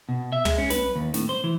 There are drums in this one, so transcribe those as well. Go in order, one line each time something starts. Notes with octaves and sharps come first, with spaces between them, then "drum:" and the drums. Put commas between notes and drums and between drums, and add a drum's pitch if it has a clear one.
B2
E5
G#3, drum: tom
C#4
B4, drum: snare
D#2
A2, drum: snare
C5
E3